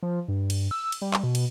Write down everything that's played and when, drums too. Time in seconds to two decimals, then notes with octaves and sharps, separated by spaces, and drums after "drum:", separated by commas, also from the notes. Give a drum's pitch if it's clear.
0.03 F3
0.28 G2
0.50 drum: cymbal
0.71 E6
0.92 drum: cymbal
1.02 G3
1.14 drum: clap
1.23 B2
1.35 drum: cymbal